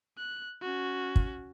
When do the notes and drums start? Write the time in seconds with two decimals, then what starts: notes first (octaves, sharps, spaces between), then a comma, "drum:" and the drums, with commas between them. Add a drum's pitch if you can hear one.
0.18 F#6
0.62 C#4 F#4
1.16 drum: kick